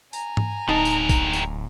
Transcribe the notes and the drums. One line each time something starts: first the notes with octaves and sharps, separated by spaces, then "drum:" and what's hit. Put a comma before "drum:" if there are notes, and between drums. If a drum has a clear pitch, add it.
G#5 A#5, drum: tambourine
drum: tom G#2
D1 G3 D#4 A#4 A5
drum: tambourine
drum: kick A1, tambourine
drum: tambourine